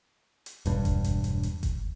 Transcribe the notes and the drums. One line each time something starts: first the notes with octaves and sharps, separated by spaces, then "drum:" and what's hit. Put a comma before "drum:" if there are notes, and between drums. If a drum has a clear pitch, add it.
drum: hi-hat
E1 G2, drum: hi-hat
drum: kick F#1, hi-hat
drum: hi-hat
drum: hi-hat
drum: hi-hat
drum: kick F#1, hi-hat